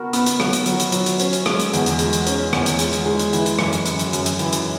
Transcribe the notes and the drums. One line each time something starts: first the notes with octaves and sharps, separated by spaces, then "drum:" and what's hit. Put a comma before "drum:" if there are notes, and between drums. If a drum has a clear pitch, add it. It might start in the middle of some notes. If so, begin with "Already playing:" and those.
Already playing: B3 F#4 A#4
B3, drum: hi-hat
drum: hi-hat
F#3, drum: rim click
drum: hi-hat
F#3, drum: hi-hat
drum: hi-hat
F#3, drum: hi-hat
drum: hi-hat
C#4, drum: hi-hat
drum: hi-hat
G#3, drum: rim click
drum: hi-hat
E2, drum: hi-hat
drum: hi-hat
G#3, drum: hi-hat
drum: hi-hat
C#4, drum: hi-hat
E2, drum: rim click
drum: hi-hat
G#3, drum: hi-hat
drum: hi-hat
G#3
drum: hi-hat
E3, drum: hi-hat
drum: hi-hat
F#2, drum: rim click
drum: hi-hat
F#2, drum: hi-hat
drum: hi-hat
F#2, drum: hi-hat
drum: hi-hat
E3, drum: hi-hat
drum: hi-hat